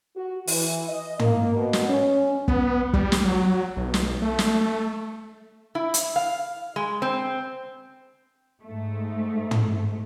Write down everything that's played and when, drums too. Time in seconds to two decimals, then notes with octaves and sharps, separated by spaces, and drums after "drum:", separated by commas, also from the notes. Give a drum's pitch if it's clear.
0.16 F#4
0.47 E3, drum: open hi-hat
0.88 D#5
1.19 A#3, drum: tom
1.55 B2
1.73 drum: snare
1.88 C#4
2.48 B3, drum: kick
2.93 G3, drum: kick
3.12 drum: snare
3.25 F#3
3.77 B1
3.94 drum: snare
4.22 A3
4.39 drum: snare
5.75 E4
5.94 drum: hi-hat
6.16 F5
6.76 G#3
7.02 C4
8.64 G#2 A3
9.51 drum: tom